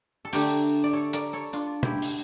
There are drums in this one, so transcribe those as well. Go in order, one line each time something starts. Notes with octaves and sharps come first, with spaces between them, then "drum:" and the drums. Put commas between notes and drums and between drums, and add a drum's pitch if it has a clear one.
A4
D3 A3 D4 G4 A#4, drum: cymbal
D5
A4 C#5
A#4 D5, drum: hi-hat
A4 C#5
D4 F4
E4 G4, drum: tom B2
drum: cymbal